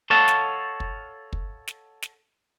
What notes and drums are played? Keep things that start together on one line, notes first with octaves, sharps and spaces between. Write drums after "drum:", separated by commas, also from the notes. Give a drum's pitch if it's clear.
A4 C#5 D#5 F5 F#5 A5
drum: snare
drum: kick
drum: kick
drum: snare
drum: snare